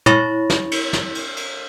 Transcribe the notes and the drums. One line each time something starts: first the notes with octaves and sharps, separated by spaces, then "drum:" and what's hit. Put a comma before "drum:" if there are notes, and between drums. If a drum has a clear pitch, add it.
E4 C#5 B5 C#6 A6 A#6, drum: tom
drum: snare
drum: cymbal
drum: snare
drum: cymbal
drum: cymbal